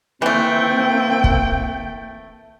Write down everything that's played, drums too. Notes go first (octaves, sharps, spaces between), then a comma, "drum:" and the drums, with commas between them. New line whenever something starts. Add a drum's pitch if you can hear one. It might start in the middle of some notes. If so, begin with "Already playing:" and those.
E3 A3 A#3 C4 G5
drum: kick